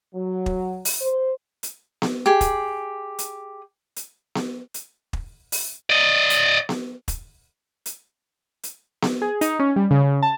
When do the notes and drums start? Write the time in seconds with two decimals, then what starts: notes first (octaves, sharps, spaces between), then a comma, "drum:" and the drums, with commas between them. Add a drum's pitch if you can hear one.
0.15 F#3
0.46 drum: kick
0.85 drum: open hi-hat
1.01 C5
1.63 drum: hi-hat
2.02 drum: snare B3
2.26 G4 G#4
2.41 drum: kick, hi-hat
3.19 drum: hi-hat
3.96 drum: hi-hat
4.35 drum: snare B3
4.74 drum: hi-hat
5.13 drum: kick
5.52 drum: open hi-hat
5.90 D5 D#5
6.30 drum: hi-hat
6.69 drum: snare B3
7.08 drum: kick, hi-hat
7.86 drum: hi-hat
8.63 drum: hi-hat
9.02 drum: snare B3
9.22 G#4
9.41 D#4, drum: hi-hat
9.59 C#4
9.76 G3
9.91 C#3
10.03 C#3
10.22 A5